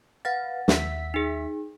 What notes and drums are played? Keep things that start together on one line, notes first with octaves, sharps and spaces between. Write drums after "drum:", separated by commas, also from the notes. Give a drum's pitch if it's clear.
B4 F5 F#5 A6
D#2 E5 B6, drum: snare
D#4 G#4